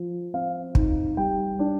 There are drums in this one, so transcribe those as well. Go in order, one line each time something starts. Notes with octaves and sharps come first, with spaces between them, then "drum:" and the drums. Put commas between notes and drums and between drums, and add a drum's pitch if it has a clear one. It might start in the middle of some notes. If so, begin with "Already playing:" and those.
Already playing: F3
C4 F5
D#4, drum: kick
G3 G5
D4